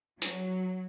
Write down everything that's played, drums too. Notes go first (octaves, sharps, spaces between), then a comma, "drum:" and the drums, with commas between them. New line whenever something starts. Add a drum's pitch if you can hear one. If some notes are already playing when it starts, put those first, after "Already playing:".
F#3, drum: hi-hat